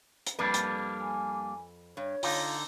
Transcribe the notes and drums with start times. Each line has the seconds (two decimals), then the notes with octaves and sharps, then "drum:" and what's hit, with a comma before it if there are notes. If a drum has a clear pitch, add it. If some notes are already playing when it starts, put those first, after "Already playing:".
0.27 drum: hi-hat
0.39 F2 G3 A#3 D4 B4
0.54 drum: hi-hat
1.00 G#5
1.97 G2 C#5
2.23 D3 D#4 F4, drum: open hi-hat